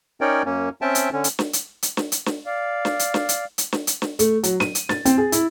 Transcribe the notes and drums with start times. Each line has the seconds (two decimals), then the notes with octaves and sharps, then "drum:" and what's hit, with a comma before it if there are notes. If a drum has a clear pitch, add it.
0.21 C#4 D#4 A#4 C#5 D5 G5
0.45 F#2 A#3 C#4
0.81 C4 C#4 E5 G5 A5
0.95 drum: hi-hat
1.13 D3 C#4
1.24 drum: hi-hat
1.39 drum: snare
1.53 drum: hi-hat
1.82 drum: hi-hat
1.97 drum: snare
2.12 drum: hi-hat
2.26 drum: snare
2.46 D5 F5
2.85 drum: snare
2.99 drum: hi-hat
3.14 drum: snare
3.29 drum: hi-hat
3.58 drum: hi-hat
3.72 drum: snare
3.87 drum: hi-hat
4.02 drum: snare
4.19 A3, drum: hi-hat
4.44 F#3, drum: hi-hat
4.60 D#7, drum: snare
4.75 drum: hi-hat
4.89 A6, drum: snare
5.05 C4, drum: hi-hat
5.18 G#4
5.32 E4, drum: hi-hat